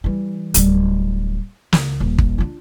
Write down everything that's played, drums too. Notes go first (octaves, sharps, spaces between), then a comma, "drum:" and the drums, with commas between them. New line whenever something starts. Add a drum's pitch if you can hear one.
E3 G3
D1 G3, drum: hi-hat
C#2, drum: snare
D#1
drum: kick
D4 F4